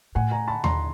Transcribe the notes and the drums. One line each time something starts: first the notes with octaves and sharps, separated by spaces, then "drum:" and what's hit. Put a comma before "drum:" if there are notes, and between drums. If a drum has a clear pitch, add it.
A2 F#5 G#5
G#5 A#5
A5 B5
A#5 C6, drum: tom D#2